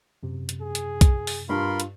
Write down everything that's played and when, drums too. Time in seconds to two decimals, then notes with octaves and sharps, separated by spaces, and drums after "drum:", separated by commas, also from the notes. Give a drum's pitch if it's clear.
0.23 F#2 C3
0.49 drum: hi-hat
0.61 G#4
0.75 drum: hi-hat
1.01 drum: kick B1, hi-hat
1.27 drum: open hi-hat
1.49 G2 F4 A#4 B5 C6
1.80 drum: hi-hat